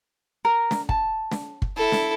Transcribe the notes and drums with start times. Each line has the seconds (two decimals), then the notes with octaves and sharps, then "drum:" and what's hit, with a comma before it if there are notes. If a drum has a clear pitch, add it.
0.45 A#4
0.71 drum: snare
0.89 A5, drum: kick
1.31 drum: snare
1.62 drum: kick
1.77 E4 A4
1.92 drum: snare